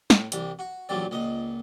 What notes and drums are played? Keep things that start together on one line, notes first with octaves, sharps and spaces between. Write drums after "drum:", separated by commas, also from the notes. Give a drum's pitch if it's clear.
A2, drum: snare
C2 E3 G3, drum: hi-hat
F#4
A#1 E2 A#2 F#3 G3 D5
C#2 A#2 D#5